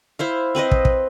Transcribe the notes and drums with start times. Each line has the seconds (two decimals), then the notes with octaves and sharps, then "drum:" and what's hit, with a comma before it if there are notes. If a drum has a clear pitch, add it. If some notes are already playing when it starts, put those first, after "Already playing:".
0.19 E4 C5 F5
0.55 C4 B4 C5 D#5
0.71 drum: kick
0.85 drum: kick